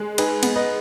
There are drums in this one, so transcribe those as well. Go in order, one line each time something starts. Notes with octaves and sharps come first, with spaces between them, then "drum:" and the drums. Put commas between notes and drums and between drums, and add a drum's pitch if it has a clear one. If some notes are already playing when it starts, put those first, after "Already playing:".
Already playing: G#3
D#4 G#4 B4, drum: cymbal
B3, drum: cymbal
B4 D#5